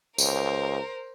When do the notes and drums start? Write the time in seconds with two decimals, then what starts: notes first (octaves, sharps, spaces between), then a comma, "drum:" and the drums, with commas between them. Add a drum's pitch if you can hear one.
0.18 C#2 A#4 C5, drum: tambourine